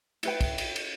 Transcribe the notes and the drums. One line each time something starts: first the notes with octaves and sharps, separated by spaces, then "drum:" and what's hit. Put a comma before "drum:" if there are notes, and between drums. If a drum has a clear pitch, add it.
E4 B4 G5, drum: cymbal
drum: kick, cymbal
drum: cymbal
drum: cymbal